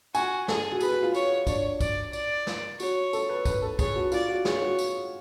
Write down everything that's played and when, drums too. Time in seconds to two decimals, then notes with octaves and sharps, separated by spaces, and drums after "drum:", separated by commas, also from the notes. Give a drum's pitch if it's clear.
0.15 F#4 G#5, drum: tambourine
0.48 G#4 A4, drum: snare
0.72 F#4
0.80 G#4 B4, drum: tambourine
0.91 F#4
1.03 F4
1.14 C#5, drum: tambourine
1.47 D4 C#5, drum: kick, tambourine
1.81 D5, drum: kick, tambourine
2.13 D5, drum: tambourine
2.47 drum: snare
2.80 F#4 C#5, drum: tambourine
3.13 A4, drum: tambourine
3.29 B4
3.45 B4, drum: kick, tambourine
3.62 A4
3.79 G#4 C#5, drum: kick, tambourine
3.96 F#4
4.12 F4 D5, drum: tambourine
4.29 F#4
4.45 G#4 C#5, drum: snare
4.62 F#4
4.79 drum: tambourine